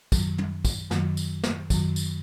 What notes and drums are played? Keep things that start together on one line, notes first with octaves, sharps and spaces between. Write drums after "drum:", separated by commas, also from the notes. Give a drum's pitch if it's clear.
F#2 D#3 F#3, drum: kick, tambourine
drum: tom
drum: kick, tambourine
F#2 D#3 F#3, drum: snare
drum: tambourine
drum: snare
F#2 D#3 F#3, drum: kick, tambourine
drum: tambourine